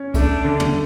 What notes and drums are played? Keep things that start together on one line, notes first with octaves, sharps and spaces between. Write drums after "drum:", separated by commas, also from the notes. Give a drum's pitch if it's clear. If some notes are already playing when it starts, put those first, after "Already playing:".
Already playing: C#4
A3 D4, drum: kick C2, cymbal
D3
drum: tom